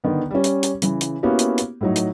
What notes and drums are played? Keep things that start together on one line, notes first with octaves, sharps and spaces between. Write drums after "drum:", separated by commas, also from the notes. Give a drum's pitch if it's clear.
D3 D#3 B3
G3 C#4
drum: hi-hat
drum: hi-hat
C#3 E3, drum: hi-hat
drum: hi-hat
A#3 B3 C#4 E4 F#4 G4
drum: hi-hat
drum: hi-hat
A2 F#3 D#4
drum: hi-hat